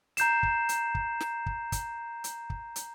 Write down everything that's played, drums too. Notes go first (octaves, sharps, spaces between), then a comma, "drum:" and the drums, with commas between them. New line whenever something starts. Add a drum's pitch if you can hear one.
A#5 G6 C7 E7, drum: hi-hat
drum: kick
drum: hi-hat
drum: kick
drum: snare
drum: kick
drum: kick, hi-hat
drum: hi-hat
drum: kick
drum: hi-hat